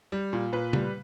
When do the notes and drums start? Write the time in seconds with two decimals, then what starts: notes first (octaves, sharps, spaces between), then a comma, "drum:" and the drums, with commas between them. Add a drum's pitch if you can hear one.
0.12 G3
0.33 A#2
0.52 A#2 B4
0.73 G3, drum: tom C#3